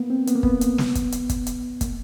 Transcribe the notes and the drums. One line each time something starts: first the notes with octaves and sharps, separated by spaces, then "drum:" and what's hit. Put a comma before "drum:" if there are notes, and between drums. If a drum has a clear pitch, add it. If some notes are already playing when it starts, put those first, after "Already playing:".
Already playing: A#3 B3
C4
B3, drum: hi-hat
A#3
B3, drum: kick
drum: hi-hat
drum: snare
drum: kick, hi-hat
drum: hi-hat
drum: kick, hi-hat
drum: hi-hat
A#3, drum: kick, hi-hat